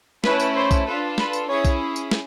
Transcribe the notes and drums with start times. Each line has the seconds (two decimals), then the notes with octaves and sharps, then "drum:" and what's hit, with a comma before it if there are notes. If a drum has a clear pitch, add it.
0.24 A3 C#4 E4 B4, drum: snare
0.40 drum: tambourine
0.55 C5
0.71 drum: kick B1, tambourine
0.86 D4 F4 A4 B4
1.18 B4, drum: snare
1.33 drum: tambourine
1.49 C#4 E4 G#4 C#5
1.65 drum: kick B1, tambourine
1.96 drum: tambourine
2.11 drum: snare